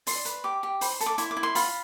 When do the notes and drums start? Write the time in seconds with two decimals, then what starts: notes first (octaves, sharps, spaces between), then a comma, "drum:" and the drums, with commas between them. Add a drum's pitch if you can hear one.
0.07 D5 C6, drum: open hi-hat
0.25 B4, drum: hi-hat
0.44 G4 D6
0.63 G4
0.81 C5 B5, drum: open hi-hat
1.00 A4, drum: hi-hat
1.06 D6
1.18 E4 C6, drum: hi-hat
1.31 D6
1.37 E4
1.43 C6
1.55 F4 B5, drum: open hi-hat